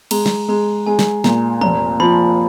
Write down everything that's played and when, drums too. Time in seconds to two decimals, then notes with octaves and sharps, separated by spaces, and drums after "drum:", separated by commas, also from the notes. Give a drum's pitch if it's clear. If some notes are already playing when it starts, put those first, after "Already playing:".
0.11 G#3 A#5, drum: cymbal
0.26 drum: snare
0.48 G#3 A#5
0.86 G#3 G#5
0.99 drum: snare
1.24 A#2 A#5, drum: snare
1.61 F1 A#5, drum: tom E3
2.00 F3 B5